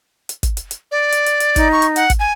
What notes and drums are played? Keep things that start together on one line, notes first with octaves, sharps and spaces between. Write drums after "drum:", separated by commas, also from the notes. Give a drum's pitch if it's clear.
drum: hi-hat
drum: kick, hi-hat
drum: hi-hat
drum: hi-hat
D5
drum: hi-hat
drum: hi-hat
drum: hi-hat
D#4, drum: kick, hi-hat
C#6
drum: hi-hat
F#5, drum: hi-hat
drum: kick, hi-hat
G#5